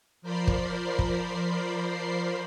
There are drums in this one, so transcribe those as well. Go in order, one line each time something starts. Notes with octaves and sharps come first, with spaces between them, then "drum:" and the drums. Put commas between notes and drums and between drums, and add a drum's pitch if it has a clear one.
F3 A#4 C5 D5 B5 C7
drum: kick
drum: kick